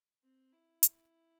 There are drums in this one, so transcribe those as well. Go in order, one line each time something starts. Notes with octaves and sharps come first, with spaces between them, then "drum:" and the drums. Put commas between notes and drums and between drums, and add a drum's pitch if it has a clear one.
C4
E4
drum: hi-hat